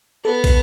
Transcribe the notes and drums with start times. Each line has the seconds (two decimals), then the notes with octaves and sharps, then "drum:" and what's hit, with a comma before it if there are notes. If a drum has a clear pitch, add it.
0.25 B3 A4
0.44 drum: kick, cymbal